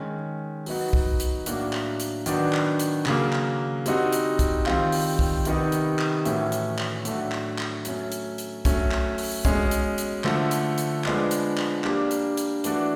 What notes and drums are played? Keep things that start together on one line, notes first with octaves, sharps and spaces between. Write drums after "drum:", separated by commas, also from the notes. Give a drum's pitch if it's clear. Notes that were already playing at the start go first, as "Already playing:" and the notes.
Already playing: D#3 G#3 C#4
F#3 B3 D#4 F#4, drum: open hi-hat
drum: kick
drum: hi-hat
A2 F#3 A#3 D4 F#4, drum: hi-hat
drum: clap
drum: hi-hat
D#3 F#3 B3 D4 F#4, drum: hi-hat
drum: clap
drum: hi-hat
C#3 F#3 A#3, drum: clap
drum: clap
G3 C4 D#4 F#4, drum: hi-hat
drum: hi-hat
drum: kick, hi-hat
D#3 G3 C4 F4, drum: clap
drum: open hi-hat
drum: kick
C3 D#3 G3 B3 D#4, drum: hi-hat
drum: hi-hat
drum: clap
A2 E3 A3 C#4 F#4, drum: hi-hat
drum: hi-hat
drum: clap
A2 F#3 A3 D4 F#4, drum: hi-hat
drum: clap
drum: clap
F#3 A3 C#4, drum: hi-hat
drum: hi-hat
drum: hi-hat
F#3 A3 C#4, drum: kick, hi-hat
drum: clap
drum: open hi-hat
B2 G#3 C#4, drum: kick, hi-hat
drum: hi-hat
drum: hi-hat
D3 F3 A3, drum: clap
drum: hi-hat
drum: hi-hat
F3 G#3 B3 D4, drum: clap
drum: hi-hat
drum: clap
G3 A#3 D4, drum: clap
drum: hi-hat
drum: hi-hat
E3 A3 D4 F#4, drum: hi-hat